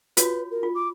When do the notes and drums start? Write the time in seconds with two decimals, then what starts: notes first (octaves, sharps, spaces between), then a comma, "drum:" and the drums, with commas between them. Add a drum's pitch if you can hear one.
0.17 F4 F#4 B4 C#5, drum: hi-hat
0.51 A#4
0.63 F4
0.75 D6